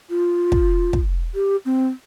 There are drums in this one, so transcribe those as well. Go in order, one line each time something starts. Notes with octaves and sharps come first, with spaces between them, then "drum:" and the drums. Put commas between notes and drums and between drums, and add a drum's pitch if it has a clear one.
F4
drum: kick
drum: kick
G4
C4